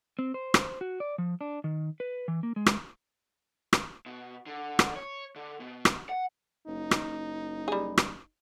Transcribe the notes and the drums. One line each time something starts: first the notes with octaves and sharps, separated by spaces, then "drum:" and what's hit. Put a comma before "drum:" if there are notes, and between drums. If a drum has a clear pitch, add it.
C4
C5
drum: rim click
F#4
D5
F3
D4
D#3
B4
E3
A#3
G#3
drum: rim click
drum: rim click
B2
D3
drum: rim click
C#5
D3
B2
drum: rim click
F#5
F#1 D#4
drum: rim click
G3 G#4
drum: rim click